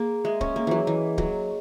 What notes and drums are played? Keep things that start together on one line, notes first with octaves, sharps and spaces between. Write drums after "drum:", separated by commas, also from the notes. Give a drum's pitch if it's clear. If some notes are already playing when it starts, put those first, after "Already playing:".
Already playing: A#3 G#4
G#3 E5
C#4, drum: kick D1
A#3 G#4
E3 F#3
E3 D#5
F#3 G#4, drum: kick D1